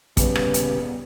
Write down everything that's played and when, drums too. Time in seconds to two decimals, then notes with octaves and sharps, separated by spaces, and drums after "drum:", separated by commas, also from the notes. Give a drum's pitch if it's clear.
0.17 D#1 C#3 G3 B3 B4, drum: kick, hi-hat
0.35 drum: rim click
0.54 drum: hi-hat